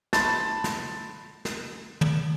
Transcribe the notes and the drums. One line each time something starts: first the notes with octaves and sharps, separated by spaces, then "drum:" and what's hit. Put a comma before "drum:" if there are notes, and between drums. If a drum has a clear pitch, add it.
A5 B5 C6 A6, drum: snare
drum: snare
drum: snare
drum: tom